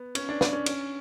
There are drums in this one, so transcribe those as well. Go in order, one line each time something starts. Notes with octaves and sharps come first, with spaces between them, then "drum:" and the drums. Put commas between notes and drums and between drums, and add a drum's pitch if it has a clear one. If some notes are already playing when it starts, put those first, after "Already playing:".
Already playing: B3
C#4, drum: cymbal
D4
D4, drum: snare
C#4
C#4, drum: cymbal